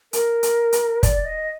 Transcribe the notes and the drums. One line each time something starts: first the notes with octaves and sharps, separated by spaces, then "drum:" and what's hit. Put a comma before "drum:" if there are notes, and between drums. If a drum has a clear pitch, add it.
A#4, drum: hi-hat
drum: hi-hat
drum: hi-hat
D5, drum: kick, hi-hat
D#5